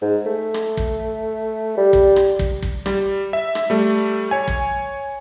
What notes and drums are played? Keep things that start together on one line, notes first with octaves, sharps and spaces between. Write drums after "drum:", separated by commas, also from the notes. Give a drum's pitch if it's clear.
G#2
A3
drum: rim click
drum: kick
G3
drum: kick
drum: rim click
drum: kick
drum: kick
G3, drum: rim click
E5
drum: rim click
G3 A3
C#5 G#5
drum: kick